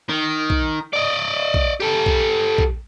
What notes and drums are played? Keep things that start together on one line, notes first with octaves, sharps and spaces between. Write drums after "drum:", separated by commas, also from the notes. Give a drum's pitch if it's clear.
D#3
drum: kick
D5 D#5
drum: kick
G4 A4
drum: kick
drum: kick